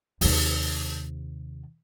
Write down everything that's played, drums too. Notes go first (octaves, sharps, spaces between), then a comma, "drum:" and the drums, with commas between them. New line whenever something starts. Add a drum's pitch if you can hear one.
D#2 C3, drum: open hi-hat